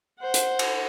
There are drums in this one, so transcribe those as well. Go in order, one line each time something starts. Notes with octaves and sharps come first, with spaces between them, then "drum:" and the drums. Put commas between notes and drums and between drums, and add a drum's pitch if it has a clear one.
C5 F#5
drum: hi-hat
drum: cymbal